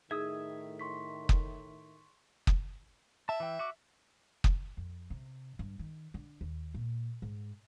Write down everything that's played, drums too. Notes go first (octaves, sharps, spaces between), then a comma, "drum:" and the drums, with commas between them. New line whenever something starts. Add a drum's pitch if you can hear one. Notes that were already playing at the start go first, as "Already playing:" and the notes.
A2 D#3 D#4 G#4 E5 D#6 E6 G#6
C6 C#6 B6
drum: kick
drum: kick
E5 A5
E3 G5
F#4 D6
drum: kick
F2
C3
G2
D#3
D3
D#2
A#2
G#2